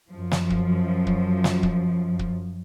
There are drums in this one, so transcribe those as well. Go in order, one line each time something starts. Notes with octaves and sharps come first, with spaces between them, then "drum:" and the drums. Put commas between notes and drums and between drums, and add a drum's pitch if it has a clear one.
F#2 F3
drum: snare
drum: kick
drum: kick
drum: snare
drum: kick
drum: kick